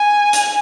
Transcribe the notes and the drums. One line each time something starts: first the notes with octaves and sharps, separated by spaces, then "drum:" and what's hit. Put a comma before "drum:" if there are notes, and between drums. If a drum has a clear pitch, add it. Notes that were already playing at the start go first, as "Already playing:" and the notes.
Already playing: G#5
drum: hi-hat